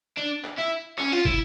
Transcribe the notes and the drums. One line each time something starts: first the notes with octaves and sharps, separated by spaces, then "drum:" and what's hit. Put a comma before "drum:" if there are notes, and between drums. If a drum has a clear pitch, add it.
D4
drum: clap
E4
C#4, drum: clap
F4
E4, drum: kick